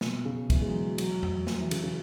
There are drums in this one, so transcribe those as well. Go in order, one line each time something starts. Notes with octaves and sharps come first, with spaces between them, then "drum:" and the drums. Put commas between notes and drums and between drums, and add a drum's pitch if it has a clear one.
B2, drum: snare
C#3
E3, drum: kick, cymbal
G#3
F#3
F#3
F#3, drum: cymbal
drum: tom F2
F#3, drum: snare
E3
C#3, drum: cymbal
C#3